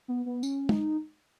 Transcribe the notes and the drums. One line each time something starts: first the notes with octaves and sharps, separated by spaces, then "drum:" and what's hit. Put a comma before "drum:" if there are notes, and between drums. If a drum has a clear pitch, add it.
B3
B3
C#4, drum: tambourine
D#4, drum: tom G#3